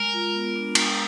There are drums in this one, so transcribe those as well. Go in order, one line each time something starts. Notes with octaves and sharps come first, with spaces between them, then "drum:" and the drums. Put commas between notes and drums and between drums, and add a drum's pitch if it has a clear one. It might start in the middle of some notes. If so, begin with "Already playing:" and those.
Already playing: G#3 A#4
F4
B3
D4
G#3, drum: cymbal